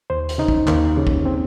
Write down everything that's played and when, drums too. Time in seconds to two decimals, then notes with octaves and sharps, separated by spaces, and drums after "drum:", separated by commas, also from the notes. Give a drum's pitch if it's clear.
0.10 D#2 C5
0.29 drum: hi-hat
0.38 C#3 D#4
0.48 drum: kick
0.67 D#2 A#3, drum: clap
0.97 C#3
1.07 drum: kick
1.25 C4